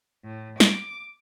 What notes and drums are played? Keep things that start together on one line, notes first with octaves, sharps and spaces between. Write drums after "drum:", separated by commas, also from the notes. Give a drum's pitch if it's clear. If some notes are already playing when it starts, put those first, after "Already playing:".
A2
D6, drum: snare